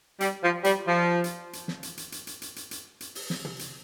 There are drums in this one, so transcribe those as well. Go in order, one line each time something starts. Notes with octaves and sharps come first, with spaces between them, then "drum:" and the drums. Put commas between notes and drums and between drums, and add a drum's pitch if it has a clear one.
G3, drum: hi-hat
F3
G3, drum: hi-hat
F3
drum: hi-hat
drum: hi-hat
drum: snare
drum: hi-hat
drum: hi-hat
drum: hi-hat
drum: hi-hat
drum: hi-hat
drum: hi-hat
drum: hi-hat
drum: hi-hat
drum: open hi-hat
drum: snare
drum: tom
drum: hi-hat